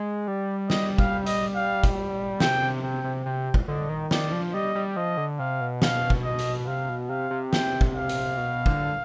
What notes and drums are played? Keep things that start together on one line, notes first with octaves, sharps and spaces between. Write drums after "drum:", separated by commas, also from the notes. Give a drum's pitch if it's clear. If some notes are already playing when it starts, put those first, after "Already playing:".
Already playing: G#3
G3 D5
D#5, drum: snare
F5, drum: kick
D#5, drum: hi-hat
F5
drum: kick, hi-hat
C3 G5, drum: snare
C3
C3 G5
C3
C3 G5
drum: kick
D3 D#5
D#3
D#3 D5, drum: snare
F3
G3 D#5
G3
F3 D#5
D3
C3 F5
B2
F5, drum: snare
drum: kick
D#5
drum: hi-hat
C3 F5
B2
C3 F5
C3
G5, drum: snare
drum: kick
F5
drum: hi-hat
B2
D3, drum: kick